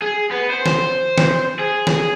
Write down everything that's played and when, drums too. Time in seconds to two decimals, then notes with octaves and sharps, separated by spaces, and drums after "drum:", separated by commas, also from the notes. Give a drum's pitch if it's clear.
0.02 G#4
0.31 B3
0.50 C5
0.66 drum: snare
1.18 drum: snare
1.59 G#4
1.87 drum: snare